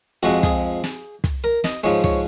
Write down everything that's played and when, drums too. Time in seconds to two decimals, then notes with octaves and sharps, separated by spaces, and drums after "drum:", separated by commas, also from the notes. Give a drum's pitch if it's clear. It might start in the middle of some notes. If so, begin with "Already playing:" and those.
0.23 F2 F3 G#3 F#4
0.43 G#4, drum: kick, hi-hat
0.84 drum: snare
1.24 drum: kick, hi-hat
1.44 A#4
1.64 D#5, drum: snare
1.84 G#2 F3 G#3 C#5
2.04 C#5, drum: kick